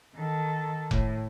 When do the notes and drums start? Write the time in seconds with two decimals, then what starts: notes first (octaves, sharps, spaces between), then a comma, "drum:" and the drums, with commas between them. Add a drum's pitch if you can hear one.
0.15 D#3 A4
0.91 A2, drum: kick F1